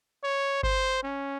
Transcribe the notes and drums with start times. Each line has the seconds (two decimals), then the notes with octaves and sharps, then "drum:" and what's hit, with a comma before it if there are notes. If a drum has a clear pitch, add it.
0.23 C#5
0.63 C5, drum: kick G1
1.03 C#4